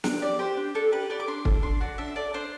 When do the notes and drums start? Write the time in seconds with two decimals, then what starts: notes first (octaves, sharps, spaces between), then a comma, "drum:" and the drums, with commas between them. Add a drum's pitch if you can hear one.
0.04 D4, drum: snare
0.21 G4 D5
0.39 G4 C5
0.57 D4
0.75 D4 A4
0.92 G4 B4
1.10 G4 D5
1.20 D6
1.28 D4 C6
1.45 A4, drum: kick
1.62 D4 C6
1.80 F#4 D5
1.98 D4 E5
2.16 A4 D5
2.34 D4 C5